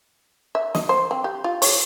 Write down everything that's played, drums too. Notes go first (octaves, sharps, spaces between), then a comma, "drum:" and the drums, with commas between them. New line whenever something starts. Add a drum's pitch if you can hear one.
E5
D#5, drum: snare
C5
C4
G4
F4
C#5, drum: open hi-hat